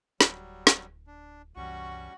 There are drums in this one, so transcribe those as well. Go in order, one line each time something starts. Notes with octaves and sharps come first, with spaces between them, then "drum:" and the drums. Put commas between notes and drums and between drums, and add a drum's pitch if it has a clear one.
D1 F#3 G3, drum: snare
drum: snare
D4
C2 F#2 E3 G3 C#4 F#4 C#6